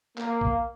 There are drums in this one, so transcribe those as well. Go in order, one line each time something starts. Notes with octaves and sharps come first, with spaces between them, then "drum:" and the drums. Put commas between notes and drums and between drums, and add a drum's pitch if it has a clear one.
A#3, drum: clap
drum: kick